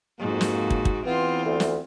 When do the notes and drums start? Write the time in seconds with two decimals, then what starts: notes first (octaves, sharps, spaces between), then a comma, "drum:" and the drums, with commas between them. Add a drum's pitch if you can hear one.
0.20 F2 G#2 A#3 F#4
0.41 drum: snare
0.70 drum: kick
0.85 drum: kick
1.06 E2 E3 B3 C4 F4
1.45 D2
1.60 drum: snare